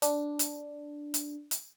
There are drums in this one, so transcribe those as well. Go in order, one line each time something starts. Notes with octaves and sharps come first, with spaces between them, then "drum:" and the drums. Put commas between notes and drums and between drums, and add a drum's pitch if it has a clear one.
D4, drum: hi-hat
drum: hi-hat
drum: hi-hat
drum: hi-hat